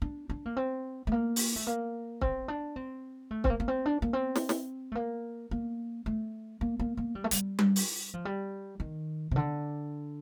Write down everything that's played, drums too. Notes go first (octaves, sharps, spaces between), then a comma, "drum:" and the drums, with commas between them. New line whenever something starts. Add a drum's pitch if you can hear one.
D4
D4
A#3
C4
A3
A#3
drum: open hi-hat
A3
A#3
C4, drum: kick
D4
C4
A3
C4, drum: kick
A#3
A#3
C4
D4
A#3
C4
drum: snare
drum: snare
A3
A#3
A#3
A3
A#3
A#3
A#3
G3
A3
G3, drum: hi-hat
drum: tom G3
drum: open hi-hat
F3
G3
D#3
C3
D3